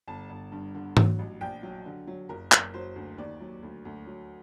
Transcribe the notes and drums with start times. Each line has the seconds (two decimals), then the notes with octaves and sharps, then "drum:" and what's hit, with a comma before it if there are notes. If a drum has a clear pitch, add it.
0.08 G1 A5
0.30 G1
0.52 G2
0.74 D3
0.97 F#3, drum: tom G#2
1.19 A1
1.41 A#1 G5
1.63 F#3
1.85 D3
2.07 F#3
2.29 F#1 A#4
2.52 F#1, drum: clap
2.74 F#3 C5
2.96 D2
3.18 D#2 D5
3.41 F#3
3.63 D2
3.85 D2
4.07 F#3